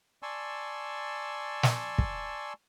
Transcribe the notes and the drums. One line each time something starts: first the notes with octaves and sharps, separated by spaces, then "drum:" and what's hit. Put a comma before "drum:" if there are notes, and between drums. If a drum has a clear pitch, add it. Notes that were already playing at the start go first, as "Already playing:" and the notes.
D5 G#5 A5 C6 C#6 E6
drum: snare
drum: kick